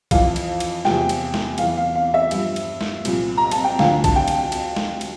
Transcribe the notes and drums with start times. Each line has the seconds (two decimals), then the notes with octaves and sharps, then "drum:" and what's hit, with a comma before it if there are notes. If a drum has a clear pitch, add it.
0.11 F2 E3 F5, drum: kick B1, cymbal
0.36 drum: cymbal
0.60 drum: cymbal
0.85 E2 C3 F3 G5, drum: snare
1.09 drum: cymbal
1.34 drum: snare
1.58 E2 F5, drum: cymbal
1.63 E3
1.77 F5
1.95 F5
2.14 E5
2.31 G2 F3, drum: cymbal
2.56 drum: cymbal
2.81 drum: snare
3.05 C2 A#2 F3, drum: cymbal
3.38 A#5
3.51 A5, drum: cymbal
3.64 G5
3.79 D2 D3 F3 F5, drum: snare
4.04 A5, drum: kick B1, cymbal
4.16 G5
4.28 drum: cymbal
4.52 drum: cymbal
4.76 drum: snare
5.01 drum: cymbal